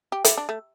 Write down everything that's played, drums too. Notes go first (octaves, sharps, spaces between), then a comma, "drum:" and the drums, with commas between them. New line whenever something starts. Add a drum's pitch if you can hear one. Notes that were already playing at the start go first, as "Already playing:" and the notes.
G4
E4, drum: hi-hat
D4
A3